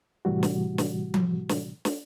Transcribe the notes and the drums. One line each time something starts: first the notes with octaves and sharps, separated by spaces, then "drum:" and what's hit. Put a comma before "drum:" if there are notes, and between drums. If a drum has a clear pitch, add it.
A2 C3 E3 G3 F#4
drum: snare
drum: snare
drum: tom F3
drum: snare
drum: snare